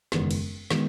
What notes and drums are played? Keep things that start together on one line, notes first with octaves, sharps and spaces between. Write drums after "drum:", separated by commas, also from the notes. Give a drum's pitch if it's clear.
F#1 E2 D#3 G#3 B3, drum: snare
drum: cymbal
D#3 G#3 B3, drum: snare